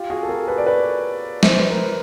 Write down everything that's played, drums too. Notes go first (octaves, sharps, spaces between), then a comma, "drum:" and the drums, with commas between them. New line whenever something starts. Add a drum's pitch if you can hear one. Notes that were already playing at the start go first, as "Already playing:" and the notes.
Already playing: F4 G4
F#4 G#4
A4
G#4 A#4
A4 B4
D5
B4 C#5
C5, drum: snare
B4
A#4 C5